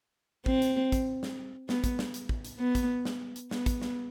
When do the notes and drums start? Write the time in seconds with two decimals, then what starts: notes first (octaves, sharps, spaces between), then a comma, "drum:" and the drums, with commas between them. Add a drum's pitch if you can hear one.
0.46 C4, drum: kick
0.62 drum: hi-hat
0.92 drum: kick, hi-hat
1.23 drum: snare
1.69 B3, drum: snare
1.84 drum: kick, hi-hat
1.99 drum: snare
2.14 drum: hi-hat
2.29 drum: kick
2.45 drum: hi-hat
2.60 B3
2.75 drum: kick, hi-hat
3.05 drum: snare
3.36 drum: hi-hat
3.51 B3, drum: snare
3.66 drum: kick, hi-hat
3.82 drum: snare